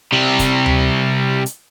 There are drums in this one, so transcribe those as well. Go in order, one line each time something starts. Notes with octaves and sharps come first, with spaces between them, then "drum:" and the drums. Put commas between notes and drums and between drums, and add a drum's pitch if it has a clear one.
C3 G3
drum: kick, hi-hat
drum: tom D2
drum: hi-hat